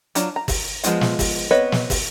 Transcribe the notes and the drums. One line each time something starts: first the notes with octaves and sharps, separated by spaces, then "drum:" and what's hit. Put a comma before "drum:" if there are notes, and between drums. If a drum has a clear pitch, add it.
F#3 D4 F4 A#5, drum: hi-hat
A#5
drum: kick, open hi-hat
F3 G#3 B3 F4 F5, drum: hi-hat
drum: snare
drum: kick, open hi-hat
B3 C4 B4 C#5 D#5
drum: snare
drum: kick, open hi-hat